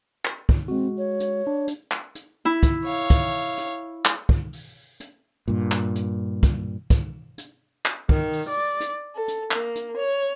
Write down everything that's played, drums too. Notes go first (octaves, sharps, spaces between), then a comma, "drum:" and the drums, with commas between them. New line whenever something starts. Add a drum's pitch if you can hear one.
drum: clap
drum: kick
G#3 C4 F#4
C#5
drum: hi-hat
D4
drum: hi-hat
drum: clap
drum: hi-hat
E4
drum: kick, hi-hat
C#5 F5
drum: kick, hi-hat
drum: hi-hat
drum: clap
drum: kick
drum: open hi-hat
drum: hi-hat
G2 A#2
drum: clap
drum: hi-hat
drum: kick, hi-hat
drum: kick, hi-hat
drum: hi-hat
drum: clap
D#3, drum: kick
drum: open hi-hat
D5
drum: hi-hat
A4
drum: hi-hat
A#3, drum: clap
drum: hi-hat
C#5